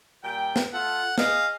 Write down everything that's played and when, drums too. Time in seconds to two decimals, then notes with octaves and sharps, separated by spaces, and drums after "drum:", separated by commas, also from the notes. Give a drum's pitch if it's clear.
0.24 A#2 G3 G5
0.56 drum: snare
0.73 A3 F4 A4 F#5
1.18 G#4 D#5 F5, drum: snare